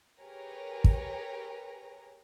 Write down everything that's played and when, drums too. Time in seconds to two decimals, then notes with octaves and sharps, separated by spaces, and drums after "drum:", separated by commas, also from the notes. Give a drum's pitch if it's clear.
0.22 G4 G#4 A#4 B4 C#5 A#5
0.84 drum: kick